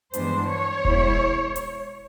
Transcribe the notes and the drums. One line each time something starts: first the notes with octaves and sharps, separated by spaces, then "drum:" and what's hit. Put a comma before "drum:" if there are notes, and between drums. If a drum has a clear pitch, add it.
G2 E3 G#3 B3 D4 C5, drum: hi-hat
C#5
B2 G#3 B3 E4, drum: kick E1
drum: hi-hat